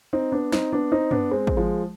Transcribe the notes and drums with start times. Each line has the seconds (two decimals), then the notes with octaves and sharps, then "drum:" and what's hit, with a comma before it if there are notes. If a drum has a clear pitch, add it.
0.13 C4 D#4
0.32 B3 D4
0.52 C4 D#4, drum: snare
0.73 B3 D4
0.92 C4 D#4
1.11 B3 D4, drum: tom G2
1.31 G#3 C4
1.47 drum: kick
1.57 F3 G#3